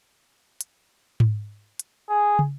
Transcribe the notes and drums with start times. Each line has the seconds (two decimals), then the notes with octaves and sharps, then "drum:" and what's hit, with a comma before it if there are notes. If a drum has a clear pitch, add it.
0.61 drum: hi-hat
1.20 drum: tom G#2
1.79 drum: hi-hat
2.09 G#4
2.39 drum: tom